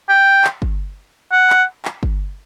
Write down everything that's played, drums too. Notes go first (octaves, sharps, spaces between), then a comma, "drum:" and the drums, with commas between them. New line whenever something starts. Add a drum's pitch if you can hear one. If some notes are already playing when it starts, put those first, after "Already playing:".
G5
drum: clap
drum: kick G1
F#5
drum: clap
drum: clap
drum: kick G1